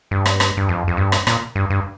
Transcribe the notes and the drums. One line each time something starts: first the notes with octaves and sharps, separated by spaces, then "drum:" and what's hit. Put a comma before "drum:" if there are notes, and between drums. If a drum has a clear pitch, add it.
G2
drum: rim click
drum: rim click
G2
F2
F2
G2
drum: rim click
A#2, drum: rim click
G2
G2